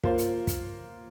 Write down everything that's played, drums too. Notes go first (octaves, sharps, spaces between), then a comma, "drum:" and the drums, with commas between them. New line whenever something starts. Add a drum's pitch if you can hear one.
A#3 F4 C5, drum: kick
drum: hi-hat
drum: kick, hi-hat